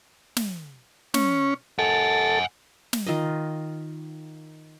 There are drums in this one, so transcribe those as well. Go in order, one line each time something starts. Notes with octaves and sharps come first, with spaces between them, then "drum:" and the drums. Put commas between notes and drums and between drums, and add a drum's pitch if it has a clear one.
drum: snare
C#4, drum: snare
A4 F#5 G#5
drum: snare
D#3 F4 D#5